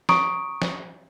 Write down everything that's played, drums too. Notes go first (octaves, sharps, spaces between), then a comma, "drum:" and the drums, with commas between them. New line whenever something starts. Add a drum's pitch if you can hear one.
A#5 C#6 D#6 D7, drum: snare
drum: snare